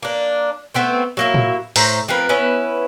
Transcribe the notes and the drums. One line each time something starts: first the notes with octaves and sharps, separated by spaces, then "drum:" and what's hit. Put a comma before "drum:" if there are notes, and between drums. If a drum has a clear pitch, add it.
A#3 D4
A3 B3 C4 C5
F#3 A#3 E4
drum: tom A2
A2 C5 A#5, drum: open hi-hat
F3 C4 A#4 B4
B3 C#4 E4 B4